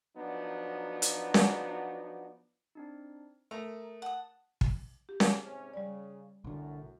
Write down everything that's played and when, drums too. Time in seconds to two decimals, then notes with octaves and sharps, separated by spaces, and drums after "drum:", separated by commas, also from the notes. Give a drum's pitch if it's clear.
0.16 F3 F#3 B3 D4 D#4 F#4
1.02 drum: hi-hat
1.34 drum: snare C#4
2.75 C4 D4 D#4
3.51 A3 A#4 A#5 D#6 A#6
4.02 F#5 A5 D#6
4.61 drum: kick
5.09 G4
5.20 drum: snare C#4
5.43 G#2 C3 C#4
5.74 C#3 G3 D5
6.44 B1 F#2 A2 D3